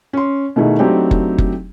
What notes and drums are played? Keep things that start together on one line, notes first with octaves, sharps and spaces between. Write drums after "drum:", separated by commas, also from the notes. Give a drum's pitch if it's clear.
C#4 C6
B2 D#3 A3 D#4 E4 G#4
F#3 A3 C4 D4 D#4 G4
drum: kick F#1
drum: kick F#1